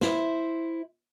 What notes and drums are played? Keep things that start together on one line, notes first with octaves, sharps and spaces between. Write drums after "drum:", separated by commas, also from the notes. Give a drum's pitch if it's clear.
E4 C5, drum: snare